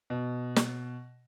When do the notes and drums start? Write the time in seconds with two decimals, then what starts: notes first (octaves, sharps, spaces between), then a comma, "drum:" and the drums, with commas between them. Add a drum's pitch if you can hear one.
0.10 B2
0.56 drum: snare